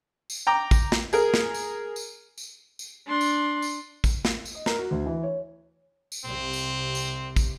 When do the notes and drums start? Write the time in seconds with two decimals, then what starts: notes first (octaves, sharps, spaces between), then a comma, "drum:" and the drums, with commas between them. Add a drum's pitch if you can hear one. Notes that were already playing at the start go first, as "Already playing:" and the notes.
0.30 drum: tambourine
0.47 G5 A#5 D6
0.71 drum: kick, tambourine
0.92 drum: snare
1.13 G#4 A#4, drum: tambourine
1.34 drum: snare
1.54 drum: tambourine
1.96 drum: tambourine
2.38 drum: tambourine
2.79 drum: tambourine
3.07 D4 C6
3.21 drum: tambourine
3.62 drum: tambourine
4.04 drum: kick, tambourine
4.25 drum: snare
4.45 drum: tambourine
4.55 D#5
4.66 A#4, drum: snare
4.78 F#4
4.91 D2
5.06 E3
5.23 C#5
6.12 drum: tambourine
6.25 C2 C3 C4
6.53 drum: tambourine
6.95 drum: tambourine
7.36 drum: kick, tambourine